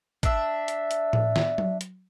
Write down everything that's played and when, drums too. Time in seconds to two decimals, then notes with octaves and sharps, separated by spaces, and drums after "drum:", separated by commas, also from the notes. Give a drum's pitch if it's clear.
0.23 D4 E5, drum: kick, hi-hat
0.68 drum: hi-hat
0.91 drum: hi-hat
1.13 drum: tom A2
1.36 drum: snare
1.58 drum: tom F#3
1.81 drum: hi-hat